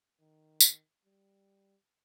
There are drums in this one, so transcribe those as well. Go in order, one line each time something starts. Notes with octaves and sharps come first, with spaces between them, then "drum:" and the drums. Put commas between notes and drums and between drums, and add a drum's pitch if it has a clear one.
D#3
drum: tambourine
G3